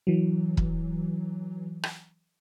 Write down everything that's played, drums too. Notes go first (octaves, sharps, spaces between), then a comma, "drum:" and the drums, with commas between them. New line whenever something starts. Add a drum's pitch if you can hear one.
E3 F#3
drum: kick
drum: rim click